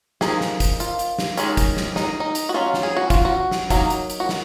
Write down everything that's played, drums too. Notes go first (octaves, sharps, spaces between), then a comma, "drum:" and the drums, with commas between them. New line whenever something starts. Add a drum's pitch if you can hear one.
F3 A#3 D#4 G#4, drum: snare
drum: snare
drum: kick, hi-hat
F4, drum: hi-hat
drum: hi-hat
drum: snare
D#3 G#3 C#4, drum: hi-hat
drum: kick, hi-hat
drum: snare
D#4, drum: snare
D#4
drum: hi-hat
F#4
F#3 C#4 F4
drum: snare
G#4
F#4
F4, drum: kick, hi-hat
F#4
drum: snare
F#3 A#3 D#4, drum: kick, hi-hat
drum: hi-hat
drum: hi-hat
F#4
drum: snare